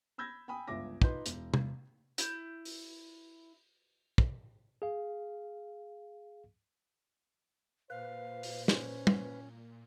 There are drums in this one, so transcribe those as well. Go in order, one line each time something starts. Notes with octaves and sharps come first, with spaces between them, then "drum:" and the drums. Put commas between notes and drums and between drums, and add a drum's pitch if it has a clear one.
B5 E6 G6 G#6 A#6
G5 G#5 B5 D#6
G1 C#2 E5 D6 A#6
D#4 F4 B4 C6 G6, drum: kick
E1, drum: hi-hat
drum: tom
E4 G6, drum: hi-hat
drum: open hi-hat
drum: kick
G#4 F5
A#2 B4 C5 F5
drum: open hi-hat
C#4, drum: snare
drum: tom